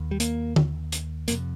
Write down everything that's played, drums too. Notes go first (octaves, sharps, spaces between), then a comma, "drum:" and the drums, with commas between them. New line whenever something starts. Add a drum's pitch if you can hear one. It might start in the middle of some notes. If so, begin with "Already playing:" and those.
Already playing: D#2
G3
A#3, drum: hi-hat
drum: tom D3
drum: hi-hat
F2 C3 A#3, drum: hi-hat